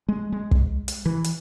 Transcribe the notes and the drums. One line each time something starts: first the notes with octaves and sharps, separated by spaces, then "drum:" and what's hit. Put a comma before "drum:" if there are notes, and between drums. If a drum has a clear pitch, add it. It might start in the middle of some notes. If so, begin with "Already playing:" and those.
G#3
G#3
drum: kick
drum: hi-hat
E3
drum: hi-hat